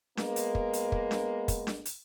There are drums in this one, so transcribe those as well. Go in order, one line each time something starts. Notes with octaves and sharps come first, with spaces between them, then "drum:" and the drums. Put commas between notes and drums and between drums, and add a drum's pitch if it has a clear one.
G#3 A#3 B3, drum: snare D4
drum: hi-hat
drum: kick
drum: hi-hat
drum: kick
drum: snare D4
drum: kick, hi-hat
drum: snare D4
drum: hi-hat